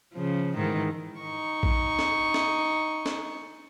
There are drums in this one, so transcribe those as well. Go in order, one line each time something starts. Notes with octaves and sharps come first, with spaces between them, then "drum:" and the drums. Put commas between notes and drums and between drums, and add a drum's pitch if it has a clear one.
C#3 F3
G#2 D#3 E3
D#4 C#6
drum: kick A#1
drum: snare D4
drum: snare D4
drum: snare D4